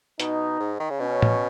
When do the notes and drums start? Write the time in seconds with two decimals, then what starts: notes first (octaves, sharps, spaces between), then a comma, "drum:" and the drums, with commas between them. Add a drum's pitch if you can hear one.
0.20 B2 D#4, drum: hi-hat
0.60 G#2
0.80 D#3
0.90 C#3
1.00 B2 C#4
1.22 drum: tom A2